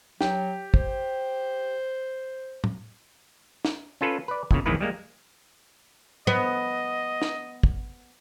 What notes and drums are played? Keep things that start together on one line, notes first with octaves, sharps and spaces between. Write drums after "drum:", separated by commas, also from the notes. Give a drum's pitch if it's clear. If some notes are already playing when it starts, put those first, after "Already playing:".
F#3 G4, drum: snare
C5, drum: kick
drum: tom A2
drum: snare
C#4 F4 A4 B4
B4 D5
E2 A#2 C#3, drum: kick
A#1 E2 D#3 G#3 E4 B4
G3 G#3 A#3
B3 D#5
drum: snare
drum: kick